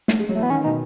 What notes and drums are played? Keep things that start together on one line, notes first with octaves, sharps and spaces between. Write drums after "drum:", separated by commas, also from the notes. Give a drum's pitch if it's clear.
A3, drum: snare
G#3
F#3
A3
E3 B3
D#3 C#4
B2 D#4